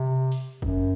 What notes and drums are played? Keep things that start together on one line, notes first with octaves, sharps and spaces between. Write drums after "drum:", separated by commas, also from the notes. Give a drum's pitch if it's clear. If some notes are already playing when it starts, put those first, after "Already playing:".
Already playing: C3
drum: open hi-hat
F#2, drum: kick F#1